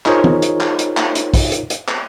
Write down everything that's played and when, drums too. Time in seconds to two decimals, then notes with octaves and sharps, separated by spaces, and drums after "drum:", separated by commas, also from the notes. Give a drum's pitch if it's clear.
0.06 D#4 F4 G#4 A#4 C5 C#5, drum: clap
0.24 drum: tom E3
0.42 drum: hi-hat
0.61 drum: clap
0.79 drum: hi-hat
0.97 drum: clap
1.15 drum: hi-hat
1.34 drum: kick, open hi-hat
1.52 drum: hi-hat
1.70 drum: hi-hat
1.88 drum: clap